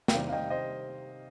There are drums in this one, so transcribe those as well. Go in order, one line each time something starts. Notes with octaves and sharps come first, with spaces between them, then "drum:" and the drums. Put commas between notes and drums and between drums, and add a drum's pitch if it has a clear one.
G5, drum: snare
C3 D#3 G3 C4 D5 F5
F5
D#5 G5
C5 D#5